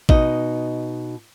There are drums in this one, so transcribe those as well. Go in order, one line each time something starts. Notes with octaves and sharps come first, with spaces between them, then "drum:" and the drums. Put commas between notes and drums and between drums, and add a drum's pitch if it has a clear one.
B2 D#4 D#5, drum: kick A1